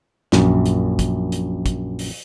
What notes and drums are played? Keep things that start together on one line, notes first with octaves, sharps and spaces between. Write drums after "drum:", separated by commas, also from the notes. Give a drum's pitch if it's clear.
A#1 F#2, drum: snare
drum: hi-hat
drum: kick, hi-hat
drum: hi-hat
drum: kick, hi-hat
drum: open hi-hat